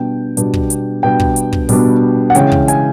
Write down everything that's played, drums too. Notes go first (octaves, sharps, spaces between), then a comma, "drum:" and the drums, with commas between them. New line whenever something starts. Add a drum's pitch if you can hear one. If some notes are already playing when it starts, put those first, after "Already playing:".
Already playing: B2 G3 B3 D4 G5
B2 G3 B3 D4, drum: hi-hat
drum: kick
drum: hi-hat
B2 G3 B3 D4 G5
drum: kick
drum: hi-hat
drum: kick
B2 G3 B3 D4, drum: open hi-hat
F#5
C#3 E3 G#3 C#4 G5, drum: hi-hat
drum: kick
G#5, drum: hi-hat